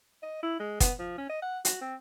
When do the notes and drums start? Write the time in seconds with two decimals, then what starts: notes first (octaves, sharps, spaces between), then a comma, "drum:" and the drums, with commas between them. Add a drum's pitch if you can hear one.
0.23 D#5
0.43 E4
0.60 G#3
0.80 B3, drum: kick, hi-hat
0.99 F3
1.18 C#4
1.29 D#5
1.42 F#5
1.65 F#4, drum: hi-hat
1.81 C4